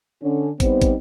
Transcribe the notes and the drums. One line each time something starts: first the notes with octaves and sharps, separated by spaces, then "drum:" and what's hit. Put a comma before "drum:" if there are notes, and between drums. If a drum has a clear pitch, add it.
D3 C#4
G3 B3 C4 D#4 C5, drum: kick, hi-hat
drum: kick, hi-hat